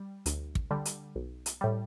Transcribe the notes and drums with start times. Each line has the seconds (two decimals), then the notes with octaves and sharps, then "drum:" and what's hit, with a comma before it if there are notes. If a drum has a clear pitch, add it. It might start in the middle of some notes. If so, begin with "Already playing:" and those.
Already playing: G3
0.26 D2, drum: hi-hat
0.55 drum: kick
0.71 D3 G3
0.85 drum: hi-hat
1.15 B1
1.46 drum: hi-hat
1.61 A2 G3